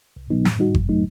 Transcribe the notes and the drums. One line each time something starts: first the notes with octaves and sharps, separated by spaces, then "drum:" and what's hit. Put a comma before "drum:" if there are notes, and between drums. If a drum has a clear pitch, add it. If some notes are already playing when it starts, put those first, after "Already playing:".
C2
B2 F#3 B3 D#4
A2, drum: snare
G3 D#4 F#4
F#2, drum: kick G1
F#3 A3 D#4